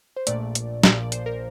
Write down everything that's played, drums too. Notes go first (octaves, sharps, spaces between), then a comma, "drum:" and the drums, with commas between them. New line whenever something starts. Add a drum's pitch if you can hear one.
C5
A#1 A#2 A3 D5, drum: hi-hat
drum: hi-hat
A#1 A#2 F3, drum: snare
D5
C5, drum: hi-hat
A#4